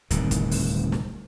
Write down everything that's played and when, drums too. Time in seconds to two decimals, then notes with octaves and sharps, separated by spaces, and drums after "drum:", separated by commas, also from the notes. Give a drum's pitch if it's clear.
0.11 D1 C2 D#3, drum: hi-hat
0.31 drum: kick, hi-hat
0.51 drum: open hi-hat
0.92 drum: snare